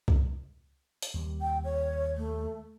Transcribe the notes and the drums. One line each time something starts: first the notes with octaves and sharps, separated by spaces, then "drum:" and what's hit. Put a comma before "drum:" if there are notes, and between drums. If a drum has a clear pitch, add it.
drum: kick C2
drum: hi-hat
D#2 G3
G5
C#5
A3